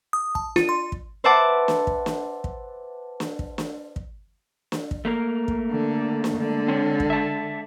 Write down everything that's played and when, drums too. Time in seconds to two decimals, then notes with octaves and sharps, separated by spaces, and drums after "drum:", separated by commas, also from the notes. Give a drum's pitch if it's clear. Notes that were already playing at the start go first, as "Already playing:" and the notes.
0.13 D#6
0.35 A5, drum: kick
0.56 F4, drum: snare
0.69 C6
0.92 drum: kick
1.24 B4 C5 E5 F#5 A5 D6
1.68 drum: snare
1.87 drum: kick
2.06 drum: snare
2.44 drum: kick
3.20 drum: snare
3.39 drum: kick
3.58 drum: snare
3.96 drum: kick
4.72 drum: snare
4.91 drum: kick
5.05 A3 A#3 A#4
5.48 drum: kick
5.71 D3
6.24 drum: snare
6.36 D3 G#3
6.68 C4 D4 C#5
7.00 drum: kick
7.10 E5 A5